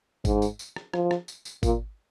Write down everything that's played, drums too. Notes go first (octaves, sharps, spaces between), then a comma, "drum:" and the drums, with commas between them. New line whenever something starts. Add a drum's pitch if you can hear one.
G#2, drum: kick G#1, tambourine
drum: tambourine
drum: tambourine
drum: rim click
F3, drum: rim click
drum: rim click
drum: tambourine
drum: tambourine
A#2, drum: kick G#1, tambourine